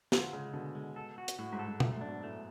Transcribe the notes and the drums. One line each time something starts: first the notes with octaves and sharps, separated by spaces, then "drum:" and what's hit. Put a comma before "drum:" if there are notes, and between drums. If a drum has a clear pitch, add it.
D3 F4, drum: snare
C#3 G#3
B2 D3
G#3
A4
F#4
drum: hi-hat
A2 F#4
G#2
A4
G#2
F#2 A3, drum: tom B2
G#2
D4
B2
A2 A3